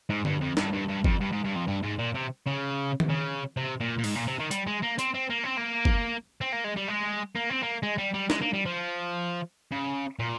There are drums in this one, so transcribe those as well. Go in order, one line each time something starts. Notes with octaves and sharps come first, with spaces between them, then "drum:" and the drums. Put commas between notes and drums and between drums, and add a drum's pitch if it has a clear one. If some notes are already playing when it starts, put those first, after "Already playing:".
G#2
G2, drum: tom D3
F2
G2, drum: snare
G2
G2
F2, drum: kick
G2
G#2
G2
F2
G2
G#2
A#2
C3
C#3
drum: tom D#3
C#3
C3
A#2
A#2
G#2, drum: open hi-hat
A#2
C3
D#3
G3, drum: hi-hat
G#3
A#3
C4, drum: hi-hat
C4
A#3
C4
A#3
drum: kick
C4
A#3
G#3
G3
G#3
A#3
C4
A#3
G#3
G3
G3
G#3, drum: snare
A#3
G3
F3
C#3
A#2